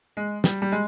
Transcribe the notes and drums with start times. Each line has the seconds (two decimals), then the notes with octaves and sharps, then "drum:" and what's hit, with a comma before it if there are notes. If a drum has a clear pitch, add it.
0.17 G#3
0.44 G3, drum: snare
0.62 G3
0.72 G#3